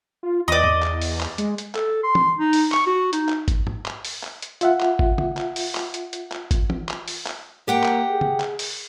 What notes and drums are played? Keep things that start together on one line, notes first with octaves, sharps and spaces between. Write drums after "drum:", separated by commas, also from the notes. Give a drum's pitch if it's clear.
F4
E2 D5 D#5
drum: tom G#2
drum: clap
drum: open hi-hat
drum: clap
G#3, drum: hi-hat
drum: hi-hat
A4, drum: clap
C6
drum: tom E3
D#4
drum: open hi-hat
C#6, drum: clap
F#4
D#4, drum: hi-hat
drum: clap
drum: kick G#1, hi-hat
drum: tom G#2
drum: clap
drum: open hi-hat
drum: clap
drum: hi-hat
F4 E5 F#5, drum: hi-hat
drum: clap
drum: kick G#1
drum: tom C#3
drum: clap
drum: open hi-hat
drum: clap
drum: hi-hat
drum: hi-hat
drum: clap
drum: kick G#1, hi-hat
drum: tom E3
drum: clap
drum: open hi-hat
drum: clap
A#3 G4 F#5 G5
drum: clap
G#4
drum: tom C#3
drum: clap
drum: open hi-hat